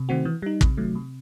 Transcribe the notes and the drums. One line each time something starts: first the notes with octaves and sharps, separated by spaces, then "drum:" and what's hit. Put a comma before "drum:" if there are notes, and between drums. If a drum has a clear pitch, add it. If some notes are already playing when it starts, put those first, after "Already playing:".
Already playing: C3
D#3 A3 C4 F#4
E3
G3 D#4
C3, drum: kick
D#3 F#3 A3
C3